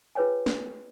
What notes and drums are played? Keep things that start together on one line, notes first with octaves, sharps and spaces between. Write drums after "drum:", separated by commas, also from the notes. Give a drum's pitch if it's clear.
F4 G#4 B4 C#5 G5 G#5
drum: snare